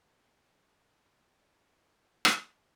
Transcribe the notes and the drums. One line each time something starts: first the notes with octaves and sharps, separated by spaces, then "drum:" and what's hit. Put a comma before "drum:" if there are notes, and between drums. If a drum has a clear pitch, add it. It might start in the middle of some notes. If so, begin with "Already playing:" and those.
Already playing: G3
C2 D6
C6
C2
D6
C3
E6
D6
G3 C6
C6
C2 B5
C2 C5
drum: rim click